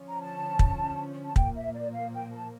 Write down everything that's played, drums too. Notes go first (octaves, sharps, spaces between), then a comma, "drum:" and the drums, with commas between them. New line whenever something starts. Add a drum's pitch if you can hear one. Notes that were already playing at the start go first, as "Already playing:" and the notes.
Already playing: D3 F3 C#4
A#5
A5
drum: kick
A5
A#2 F3 A#3 G5, drum: kick
E5
D5
F5
G5
A5